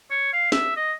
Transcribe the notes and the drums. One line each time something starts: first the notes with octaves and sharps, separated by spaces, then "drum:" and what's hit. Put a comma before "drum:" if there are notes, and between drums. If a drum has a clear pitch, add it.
C#5
F5
E5, drum: snare
D#5